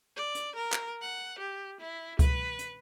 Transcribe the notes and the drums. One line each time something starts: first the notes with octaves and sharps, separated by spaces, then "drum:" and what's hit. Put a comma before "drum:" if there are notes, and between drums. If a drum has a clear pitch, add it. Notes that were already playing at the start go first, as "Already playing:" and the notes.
D5
drum: hi-hat
A#4
drum: clap
F#5
G4
E4
B4, drum: kick C#2, hi-hat
drum: hi-hat